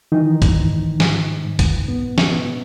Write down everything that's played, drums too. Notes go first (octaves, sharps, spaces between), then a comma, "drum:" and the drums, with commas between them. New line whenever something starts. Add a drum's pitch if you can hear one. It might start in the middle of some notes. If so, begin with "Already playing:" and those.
D#3 E3 D#4
drum: kick, hi-hat
G#2
G#2, drum: snare
G#2
drum: kick, hi-hat
B2 B3
drum: snare
B2 B3